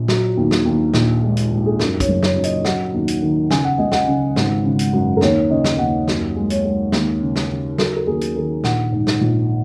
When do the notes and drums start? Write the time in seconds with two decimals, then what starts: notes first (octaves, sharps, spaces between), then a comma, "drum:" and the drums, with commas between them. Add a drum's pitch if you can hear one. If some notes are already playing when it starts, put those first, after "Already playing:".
Already playing: A#1
0.08 F#3, drum: snare
0.37 D#2
0.51 drum: snare
0.65 D#2
0.94 A#1, drum: snare
1.23 G#3
1.37 drum: hi-hat
1.51 G#2
1.66 G#4
1.80 F#2 A#4, drum: snare
2.00 C#5, drum: kick, hi-hat
2.08 F#1
2.23 C#5, drum: snare
2.37 F#2
2.44 D#5, drum: hi-hat
2.65 F#3 F#5, drum: snare
2.94 D#2
3.08 drum: hi-hat
3.22 D#3
3.51 C#3 G#5, drum: snare
3.65 F#5
3.78 C#2 D#5
3.92 F#5, drum: snare
4.08 C#3
4.36 G#1, drum: snare
4.65 C#3
4.79 drum: hi-hat
4.93 F#2
5.17 A#4
5.21 D#2 C#5, drum: snare
5.50 C#3 D#5
5.65 drum: snare
5.79 D#2 F#5
6.08 F#2, drum: snare
6.36 G#3
6.50 C#5, drum: hi-hat
6.64 G#3
6.92 D#2, drum: snare
7.21 C#3
7.36 drum: snare
7.50 C#3
7.78 F#3 A#4, drum: snare
7.96 A#4
8.07 D#2 G#4
8.21 drum: hi-hat
8.36 D#3 A#4
8.64 A#1 F#5, drum: snare
8.92 G#2
9.07 drum: snare
9.21 A#1